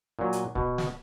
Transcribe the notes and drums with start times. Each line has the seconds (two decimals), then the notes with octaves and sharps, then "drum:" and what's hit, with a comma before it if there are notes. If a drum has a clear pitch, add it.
0.19 A#2 F#3
0.33 drum: hi-hat
0.55 B2, drum: kick C#1
0.78 drum: snare